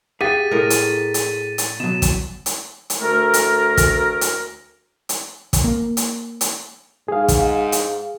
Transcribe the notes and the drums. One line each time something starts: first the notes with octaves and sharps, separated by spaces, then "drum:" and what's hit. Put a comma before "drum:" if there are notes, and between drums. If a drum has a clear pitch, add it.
G4 G#4 F5 F#5 A6 B6 D#7
A2 A#4
drum: hi-hat
drum: hi-hat
drum: hi-hat
B2 F#3 E7
drum: kick, hi-hat
drum: hi-hat
drum: hi-hat
D2 A3 A4 A#4
drum: hi-hat
drum: kick, hi-hat
drum: hi-hat
drum: hi-hat
drum: kick, hi-hat
A#3
drum: hi-hat
drum: hi-hat
G#2 G#4 F5
drum: kick, hi-hat
drum: hi-hat